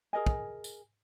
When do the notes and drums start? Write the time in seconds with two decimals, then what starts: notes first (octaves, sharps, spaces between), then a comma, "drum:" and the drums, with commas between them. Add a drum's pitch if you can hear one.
0.13 G#4 A#4 D#5 G#5
0.26 drum: kick
0.64 drum: tambourine